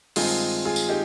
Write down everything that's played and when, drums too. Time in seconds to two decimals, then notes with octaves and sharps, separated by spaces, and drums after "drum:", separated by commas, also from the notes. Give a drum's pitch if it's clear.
0.16 G2 D#3 G#3 C4 D#4 F4 G#4, drum: open hi-hat
0.65 F4 G#4
0.76 drum: tambourine
0.89 D#4 G4